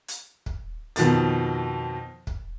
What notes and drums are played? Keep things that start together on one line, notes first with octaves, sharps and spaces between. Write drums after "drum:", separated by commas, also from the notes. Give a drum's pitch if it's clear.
drum: hi-hat
drum: kick
F2 B2 D#3 A6, drum: hi-hat
drum: kick